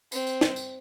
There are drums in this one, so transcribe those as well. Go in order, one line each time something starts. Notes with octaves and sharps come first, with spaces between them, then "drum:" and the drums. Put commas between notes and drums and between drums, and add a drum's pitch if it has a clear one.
C4, drum: tambourine
drum: tambourine
drum: snare
drum: tambourine